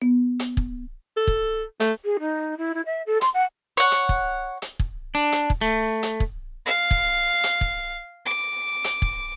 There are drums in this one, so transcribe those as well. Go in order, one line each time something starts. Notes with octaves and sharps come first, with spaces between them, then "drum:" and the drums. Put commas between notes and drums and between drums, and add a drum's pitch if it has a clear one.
B3
drum: hi-hat
drum: kick
A4
drum: kick
A3, drum: hi-hat
G#4
D#4
E4
E4
E5
A4
C6, drum: hi-hat
F#5
C#5 F#5
drum: hi-hat
drum: kick
drum: hi-hat
drum: kick
D4
drum: hi-hat
drum: kick
A3
drum: hi-hat
drum: kick
F5
drum: kick
drum: hi-hat
drum: kick
D6
drum: hi-hat
drum: kick